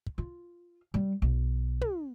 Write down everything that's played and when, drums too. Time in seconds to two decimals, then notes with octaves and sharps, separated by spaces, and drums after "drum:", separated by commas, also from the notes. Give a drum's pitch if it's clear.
0.07 drum: kick
0.18 F4
0.94 G3
1.22 B1
1.81 drum: tom